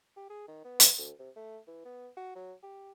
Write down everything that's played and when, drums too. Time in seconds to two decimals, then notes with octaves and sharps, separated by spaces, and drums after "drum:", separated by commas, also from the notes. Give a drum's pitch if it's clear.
0.17 G4
0.30 G#4
0.48 D#3
0.64 B3
0.80 drum: hi-hat
0.98 D2
1.19 C3
1.36 A3
1.67 E3
1.85 B3
2.16 F#4
2.35 F#3
2.63 G4